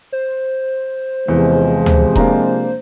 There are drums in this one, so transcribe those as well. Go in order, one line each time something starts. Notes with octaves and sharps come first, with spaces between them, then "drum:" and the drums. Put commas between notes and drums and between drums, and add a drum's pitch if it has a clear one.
C5
E2 C3 F3 G#3
drum: tom D2
A#3 D4 A#5, drum: kick E1